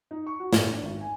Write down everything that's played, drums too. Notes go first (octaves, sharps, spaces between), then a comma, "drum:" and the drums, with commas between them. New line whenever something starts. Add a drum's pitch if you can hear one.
D#4
C#6
F#4
A2, drum: snare
D4
G#1
G#5